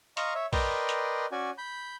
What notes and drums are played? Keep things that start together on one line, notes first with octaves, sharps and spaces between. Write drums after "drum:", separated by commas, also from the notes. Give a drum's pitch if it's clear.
D#5 F5 A#5 C6 C#6, drum: hi-hat
C#5 E5
A#4 B4 D5 D#5 G5 C6, drum: kick, open hi-hat
drum: hi-hat
C#4 F#4 D5 G#5
B5 G6